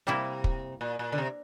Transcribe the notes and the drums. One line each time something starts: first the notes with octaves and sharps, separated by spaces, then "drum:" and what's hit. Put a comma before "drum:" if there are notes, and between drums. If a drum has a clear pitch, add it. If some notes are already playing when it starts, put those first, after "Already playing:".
C3 G3 A#3 E4
drum: kick
A#2
A#2
D3
C3